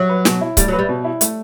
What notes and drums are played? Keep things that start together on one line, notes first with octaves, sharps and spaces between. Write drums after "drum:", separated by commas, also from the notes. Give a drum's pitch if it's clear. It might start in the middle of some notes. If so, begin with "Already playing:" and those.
Already playing: F#3
B4
B2, drum: snare
E4
G3 A3, drum: kick C#1, hi-hat
F#3
B4
G3
B2
E4
A3, drum: hi-hat